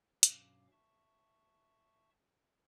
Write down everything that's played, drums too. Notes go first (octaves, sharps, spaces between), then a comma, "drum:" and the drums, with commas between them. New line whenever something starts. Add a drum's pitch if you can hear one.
G2 B2 F#3 C#4 F5 D6, drum: hi-hat
E5 A5 C#6